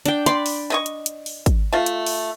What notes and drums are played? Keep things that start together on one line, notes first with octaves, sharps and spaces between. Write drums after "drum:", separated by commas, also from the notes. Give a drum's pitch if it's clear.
D4 G5, drum: hi-hat
D5 B5 C6, drum: hi-hat
drum: open hi-hat
A3 D#5 C#6
drum: hi-hat
drum: hi-hat
drum: open hi-hat
drum: kick G#1, hi-hat
A3 F4
drum: hi-hat
drum: open hi-hat